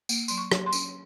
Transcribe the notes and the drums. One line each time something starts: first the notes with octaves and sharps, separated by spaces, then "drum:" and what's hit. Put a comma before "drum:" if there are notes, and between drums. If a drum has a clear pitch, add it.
A#3, drum: tambourine
F#3 C6, drum: tambourine
C#6
F#3, drum: rim click
C6
C#4, drum: tambourine